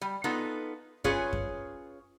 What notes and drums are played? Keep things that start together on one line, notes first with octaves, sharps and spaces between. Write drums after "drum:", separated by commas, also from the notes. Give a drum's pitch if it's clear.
G3
B3 D#4 F4 A4
C#4 F4 G#4 B4 C#5, drum: kick F#2
drum: kick F#2